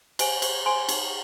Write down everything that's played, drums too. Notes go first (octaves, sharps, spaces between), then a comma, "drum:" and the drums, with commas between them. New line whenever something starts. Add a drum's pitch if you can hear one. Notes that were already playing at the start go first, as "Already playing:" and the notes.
C5 D#5 G#5, drum: cymbal
C5, drum: cymbal
C5 G#5 C6
D#4, drum: cymbal